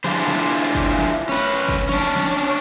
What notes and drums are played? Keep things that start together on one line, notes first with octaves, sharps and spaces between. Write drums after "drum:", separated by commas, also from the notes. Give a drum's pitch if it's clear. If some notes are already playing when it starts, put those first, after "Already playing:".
D4 E4 F4 G4 G#4 C5, drum: snare
drum: snare
drum: tambourine
drum: kick, tambourine
drum: snare
C#4 B4
drum: tambourine
drum: kick
C#4 D4, drum: snare
drum: snare
drum: tambourine